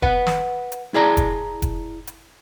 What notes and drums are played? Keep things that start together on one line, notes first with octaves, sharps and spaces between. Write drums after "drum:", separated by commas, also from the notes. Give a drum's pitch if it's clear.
B4 F#5, drum: kick F1
drum: snare
drum: hi-hat
E4 G#4 D5 A5 A#5
drum: kick F1, hi-hat
drum: kick F1, hi-hat
drum: hi-hat